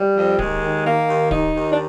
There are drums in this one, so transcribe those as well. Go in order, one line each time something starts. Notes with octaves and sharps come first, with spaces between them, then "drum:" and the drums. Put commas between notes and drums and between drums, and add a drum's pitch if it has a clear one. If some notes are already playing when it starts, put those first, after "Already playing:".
Already playing: G3
F2
D#2 G#3, drum: kick D1
D#3
D#3 A#3
D#2
D#2 D#4, drum: kick D1
D#2
D4